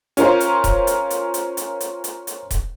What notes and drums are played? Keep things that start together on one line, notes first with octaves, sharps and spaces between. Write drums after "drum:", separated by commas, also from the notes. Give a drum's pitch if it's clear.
C#4 F4 A#4 C5, drum: hi-hat
drum: hi-hat
drum: kick D#1, hi-hat
drum: hi-hat
drum: hi-hat
drum: hi-hat
drum: hi-hat
drum: hi-hat
drum: hi-hat
drum: hi-hat
drum: kick D#1, hi-hat